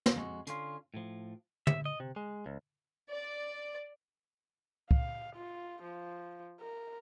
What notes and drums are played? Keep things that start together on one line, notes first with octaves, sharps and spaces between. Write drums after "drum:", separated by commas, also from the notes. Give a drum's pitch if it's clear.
drum: snare
F2 G#3 F#4
D3 C#4 F4, drum: hi-hat
A2 F3
E5, drum: tom
D#5
C3
G#3
C#2
D5
F5, drum: kick
F4
F3
A#4